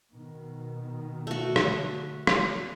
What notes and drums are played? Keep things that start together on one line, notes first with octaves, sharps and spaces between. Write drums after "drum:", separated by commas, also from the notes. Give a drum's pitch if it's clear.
B2 D#3
D3 A3 F#4
drum: rim click
drum: rim click